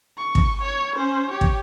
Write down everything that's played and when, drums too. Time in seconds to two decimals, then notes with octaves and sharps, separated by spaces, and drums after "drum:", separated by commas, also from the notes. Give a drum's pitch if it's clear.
0.18 C#6
0.35 drum: kick
0.62 C#5 G#6
0.94 C#4 C5
1.31 G4 C#5
1.41 drum: kick